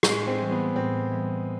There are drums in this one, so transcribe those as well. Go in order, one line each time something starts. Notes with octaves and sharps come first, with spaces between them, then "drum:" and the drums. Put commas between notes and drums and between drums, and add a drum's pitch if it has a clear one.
A2 G#3, drum: rim click
C4
E3 G3
B3
A2 C4
E3 G3